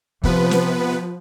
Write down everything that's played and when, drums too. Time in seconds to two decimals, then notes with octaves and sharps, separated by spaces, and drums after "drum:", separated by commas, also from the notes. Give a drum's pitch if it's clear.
0.24 C3 F3 B3 B4, drum: kick
0.51 drum: snare